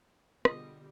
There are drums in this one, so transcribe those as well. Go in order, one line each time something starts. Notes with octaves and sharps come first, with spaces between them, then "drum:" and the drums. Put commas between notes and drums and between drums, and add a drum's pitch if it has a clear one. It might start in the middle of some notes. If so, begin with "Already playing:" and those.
B2 D3 G3 F4 G#4 D#5, drum: rim click